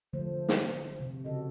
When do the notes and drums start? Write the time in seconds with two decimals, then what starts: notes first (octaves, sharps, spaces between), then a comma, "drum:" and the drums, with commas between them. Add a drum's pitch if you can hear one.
0.13 D3 F3 A3 C5
0.49 drum: snare
1.00 C3
1.25 C#3 F#4 A4 D#5